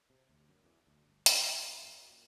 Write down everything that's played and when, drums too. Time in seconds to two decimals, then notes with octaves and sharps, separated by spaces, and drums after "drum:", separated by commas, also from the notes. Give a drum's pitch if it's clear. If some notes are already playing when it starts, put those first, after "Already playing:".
0.10 C3
0.29 D2
0.49 F#2
0.64 E2
0.87 D2
1.06 G1
1.26 G2, drum: hi-hat
1.43 E2
1.63 E2
1.84 F#2
2.10 A#2